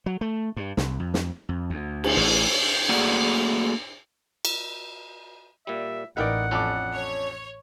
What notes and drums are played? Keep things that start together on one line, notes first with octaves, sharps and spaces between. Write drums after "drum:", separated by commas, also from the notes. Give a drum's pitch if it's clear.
F#3
A3
G2
C2, drum: snare
F2
drum: snare
F2
D2
drum: cymbal
A1
A3 A#3 F#4 G#4 D5 F#5
drum: cymbal
A#2 G3 E5
A1 D#4 A#4 B4 D5 E5 F#5 G5
F2 C#4 D4 A4 D6
C#5